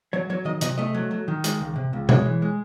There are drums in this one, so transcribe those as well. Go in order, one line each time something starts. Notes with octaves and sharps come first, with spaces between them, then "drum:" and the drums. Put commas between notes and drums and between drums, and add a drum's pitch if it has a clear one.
F#3 C#5
F#3 C#5
D#3 D#5
C3 D#5, drum: hi-hat
A3 D#5
F#3
F#3
D#3
G#3, drum: hi-hat
C#2
C3
C#2
G#3 C#5, drum: tom B2
E3
G#3